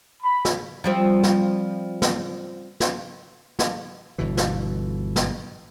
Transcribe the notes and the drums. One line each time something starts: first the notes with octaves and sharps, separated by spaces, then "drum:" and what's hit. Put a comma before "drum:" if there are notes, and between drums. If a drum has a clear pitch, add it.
B5
drum: snare
F3 G3 C4
drum: snare
drum: snare
drum: snare
drum: snare
G1 B2 E3
drum: snare
drum: snare